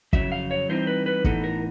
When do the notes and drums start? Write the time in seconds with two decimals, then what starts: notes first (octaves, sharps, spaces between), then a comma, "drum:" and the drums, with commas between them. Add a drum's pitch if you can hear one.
0.13 F2 C#3 F#3 E5, drum: kick
0.32 F5
0.51 C#5
0.69 E3 G3 C4 D#4 C5
0.87 B4
1.06 B4
1.24 A2 E3 G#3 B3 D#4 A4, drum: kick
1.44 A#4